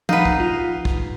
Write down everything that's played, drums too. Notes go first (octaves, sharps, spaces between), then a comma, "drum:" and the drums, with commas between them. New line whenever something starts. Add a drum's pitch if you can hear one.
D#4 B4 F5 F#5 C7, drum: tom F3
drum: kick
F4
drum: kick